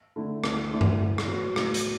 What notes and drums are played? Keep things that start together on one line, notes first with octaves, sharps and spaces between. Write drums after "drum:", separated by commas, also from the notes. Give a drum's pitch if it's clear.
D3 A3 E4
D2, drum: rim click
D3 A3 E4
drum: tom G2
A2
drum: rim click
F#3 B3
A2, drum: rim click
drum: hi-hat